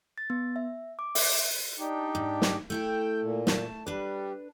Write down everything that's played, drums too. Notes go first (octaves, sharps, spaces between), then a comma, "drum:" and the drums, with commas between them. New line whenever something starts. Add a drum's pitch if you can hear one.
A6
B3
E5
D6
E5, drum: open hi-hat
D4 D#4 G4
G#2
drum: snare
A3 E4 A4 G5
A#2
A3 A5, drum: snare
G3 D4 B4